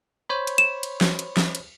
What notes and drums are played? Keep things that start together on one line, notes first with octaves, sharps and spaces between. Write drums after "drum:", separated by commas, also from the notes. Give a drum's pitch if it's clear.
C5 C#5 B5
drum: cymbal
E7
drum: cymbal
drum: snare
drum: cymbal
drum: snare
drum: cymbal